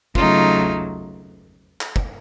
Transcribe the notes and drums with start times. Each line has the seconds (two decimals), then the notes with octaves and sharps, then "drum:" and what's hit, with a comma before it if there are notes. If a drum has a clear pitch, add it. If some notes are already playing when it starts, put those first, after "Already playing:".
0.15 C#3 F#3 A3 D#4 F4, drum: kick
1.81 drum: clap
1.96 drum: kick